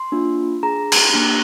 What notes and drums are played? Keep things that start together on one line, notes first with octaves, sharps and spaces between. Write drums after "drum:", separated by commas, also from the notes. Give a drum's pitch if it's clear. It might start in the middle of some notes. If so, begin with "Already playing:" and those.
Already playing: C6
A#3 D4 F4
D4 G#4 A#5
drum: cymbal
A#3 D4 G4